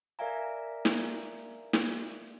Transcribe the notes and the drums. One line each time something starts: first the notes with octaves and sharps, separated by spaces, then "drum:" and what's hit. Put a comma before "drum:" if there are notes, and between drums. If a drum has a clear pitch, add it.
A#4 D5 E5 F5 G#5 A#5
drum: snare
drum: snare